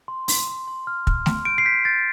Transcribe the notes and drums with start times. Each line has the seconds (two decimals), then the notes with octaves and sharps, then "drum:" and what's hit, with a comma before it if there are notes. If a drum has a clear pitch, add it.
0.08 C6
0.28 C6, drum: open hi-hat
0.47 C6
0.67 C6
0.87 F6
1.07 F6, drum: kick
1.26 C6, drum: snare A3
1.45 G6 D7
1.58 C7
1.65 G6 B6
1.85 G6 A6